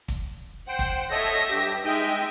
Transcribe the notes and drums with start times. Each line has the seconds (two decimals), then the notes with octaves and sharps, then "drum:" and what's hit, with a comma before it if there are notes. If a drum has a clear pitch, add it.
0.08 drum: kick, hi-hat
0.68 C5 F#5 G5
0.79 drum: kick, hi-hat
1.11 A4 C#5 D#5 E5 A#6
1.49 G2 G4, drum: hi-hat
1.84 G#3 D#4 D#5 E5 G5